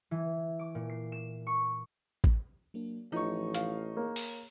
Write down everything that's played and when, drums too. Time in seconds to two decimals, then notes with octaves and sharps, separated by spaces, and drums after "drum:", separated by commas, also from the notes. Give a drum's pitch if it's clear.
0.11 E3
0.59 D6
0.75 A#2
0.89 C7
1.12 E7
1.47 C#6
2.24 drum: kick A1
2.74 F#3 A#3 D4
3.12 A1 E3 F3 D#4 F4 C#6
3.54 F5, drum: hi-hat
3.97 A#3 G#4 C#5
4.16 drum: open hi-hat